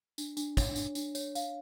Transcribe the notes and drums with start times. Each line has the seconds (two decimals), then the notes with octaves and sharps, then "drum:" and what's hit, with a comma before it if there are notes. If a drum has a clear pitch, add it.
0.18 D4, drum: tambourine
0.37 D4, drum: tambourine
0.57 C#5, drum: kick, tambourine
0.76 D4, drum: tambourine
0.95 D4, drum: tambourine
1.15 C#5, drum: tambourine
1.35 F5, drum: tambourine